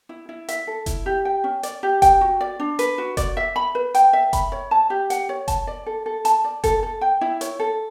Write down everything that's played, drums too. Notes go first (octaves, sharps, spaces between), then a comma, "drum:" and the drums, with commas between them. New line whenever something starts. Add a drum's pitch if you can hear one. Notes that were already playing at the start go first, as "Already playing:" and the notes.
E4
E4
E5, drum: hi-hat
A4
E4, drum: kick F1, hi-hat
G4
G5
C#4
D5, drum: hi-hat
G4
G5, drum: kick F1, hi-hat
F#4
D5
D4
B4, drum: hi-hat
F#4
D5, drum: kick F1, hi-hat
E5
B5
B4
G5, drum: hi-hat
E5
B5, drum: kick F1, hi-hat
C#5
A5
G4
F#5, drum: hi-hat
C#5
A5, drum: kick F1, hi-hat
D5
A4
A4
A5, drum: hi-hat
D5
A4, drum: kick F1, hi-hat
A4
G5
E4
C#5, drum: hi-hat
A4